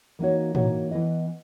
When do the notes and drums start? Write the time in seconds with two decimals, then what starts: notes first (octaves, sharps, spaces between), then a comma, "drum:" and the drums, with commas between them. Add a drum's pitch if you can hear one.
0.19 E3 A#3 D#4 F#4 C#5
0.55 E3 A#3 D#4 F#4 C#5, drum: tom
0.91 E3 B3 E4 B4 D#5